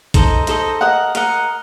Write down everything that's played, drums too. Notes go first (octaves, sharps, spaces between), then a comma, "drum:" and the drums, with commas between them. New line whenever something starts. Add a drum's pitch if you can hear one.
D#4 A4 C5 D#5, drum: kick, hi-hat
D#4 A4 C5 D#5, drum: hi-hat
A#4 D#5 F#5
A#4 D#5 F#5, drum: hi-hat